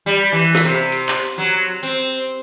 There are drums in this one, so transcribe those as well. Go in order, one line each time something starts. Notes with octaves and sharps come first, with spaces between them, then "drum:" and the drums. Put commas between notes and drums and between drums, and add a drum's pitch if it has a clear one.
G3
E3
drum: snare
C3
drum: cymbal
drum: clap
F#3
C4, drum: hi-hat